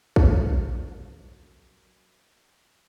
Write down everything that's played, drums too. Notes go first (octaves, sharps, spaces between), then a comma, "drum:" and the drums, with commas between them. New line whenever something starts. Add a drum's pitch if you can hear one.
F#2 F#3 A#3 B3 C#6, drum: kick